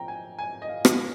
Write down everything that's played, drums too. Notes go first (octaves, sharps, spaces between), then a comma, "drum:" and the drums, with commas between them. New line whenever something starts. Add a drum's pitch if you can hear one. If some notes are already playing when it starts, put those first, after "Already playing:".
Already playing: A#2 F3 C4 G5 A#5
G#5
G#5
D#5
F5
drum: rim click